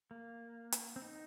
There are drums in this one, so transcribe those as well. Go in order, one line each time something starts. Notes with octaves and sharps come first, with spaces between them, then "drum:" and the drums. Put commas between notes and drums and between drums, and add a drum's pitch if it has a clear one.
A#3
drum: hi-hat
C4
D#4